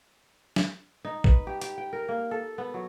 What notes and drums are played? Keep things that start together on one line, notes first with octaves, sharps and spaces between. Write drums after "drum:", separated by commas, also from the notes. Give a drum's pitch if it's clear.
drum: snare
D#4
B4, drum: kick
G4
G4, drum: hi-hat
G5
A#4
A#3
A4
B3
F#3